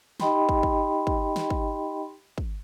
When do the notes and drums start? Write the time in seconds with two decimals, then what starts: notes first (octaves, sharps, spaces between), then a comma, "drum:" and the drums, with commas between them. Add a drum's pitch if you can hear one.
0.20 D#4 G4 D#5 G5 B5 C6, drum: snare
0.49 drum: kick
0.63 drum: kick
1.07 drum: kick
1.36 drum: snare
1.50 drum: kick
2.38 drum: kick